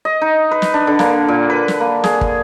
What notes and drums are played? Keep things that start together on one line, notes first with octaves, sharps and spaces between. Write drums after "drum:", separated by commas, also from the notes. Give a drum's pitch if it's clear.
D#5
D#4
B4
drum: snare
D4
D3
A#3, drum: snare
A#2
B4
drum: snare
A#3
G#4, drum: snare
drum: kick